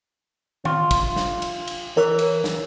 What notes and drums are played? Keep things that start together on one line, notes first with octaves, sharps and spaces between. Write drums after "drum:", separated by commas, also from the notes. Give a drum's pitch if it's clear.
F4, drum: tom D#3
drum: kick, cymbal
drum: snare
drum: cymbal
drum: cymbal
E3 A#4 C#5
drum: cymbal
drum: snare